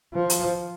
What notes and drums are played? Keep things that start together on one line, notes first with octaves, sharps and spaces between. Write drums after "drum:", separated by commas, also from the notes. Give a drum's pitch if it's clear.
F3
drum: hi-hat